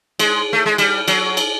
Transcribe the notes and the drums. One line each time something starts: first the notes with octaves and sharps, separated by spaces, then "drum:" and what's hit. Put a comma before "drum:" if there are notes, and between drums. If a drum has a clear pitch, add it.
G#3, drum: cymbal
A3
G#3
G3, drum: cymbal
F#3, drum: cymbal
drum: cymbal